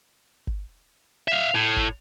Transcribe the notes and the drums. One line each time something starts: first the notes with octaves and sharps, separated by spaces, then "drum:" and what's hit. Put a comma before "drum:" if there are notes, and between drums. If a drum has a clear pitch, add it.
drum: kick G#1
E5 F5
A2
drum: kick G#1